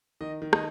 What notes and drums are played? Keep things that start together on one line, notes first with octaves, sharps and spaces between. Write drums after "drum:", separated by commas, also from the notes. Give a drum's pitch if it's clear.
D#3 D#5
D#3
D#5, drum: rim click